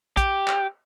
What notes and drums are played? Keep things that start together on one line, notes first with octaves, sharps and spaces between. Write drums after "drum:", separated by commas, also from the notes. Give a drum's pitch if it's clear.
G4, drum: kick, hi-hat
drum: clap